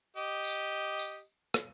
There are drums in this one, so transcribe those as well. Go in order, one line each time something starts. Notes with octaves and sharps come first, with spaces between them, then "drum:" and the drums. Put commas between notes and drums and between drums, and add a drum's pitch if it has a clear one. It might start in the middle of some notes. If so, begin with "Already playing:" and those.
G4 D#5
drum: tambourine
drum: tambourine
drum: rim click